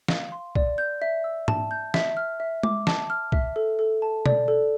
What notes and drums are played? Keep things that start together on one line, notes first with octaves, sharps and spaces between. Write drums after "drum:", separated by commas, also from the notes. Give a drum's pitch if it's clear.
F5, drum: snare
C6
D5, drum: kick
G6
E5
E6
A5, drum: tom G#2
G6
E5, drum: snare
F6
E5
D6, drum: tom G#3
A5, drum: snare
F6
E5, drum: kick
A4
A4
A5
D5, drum: tom B2
A4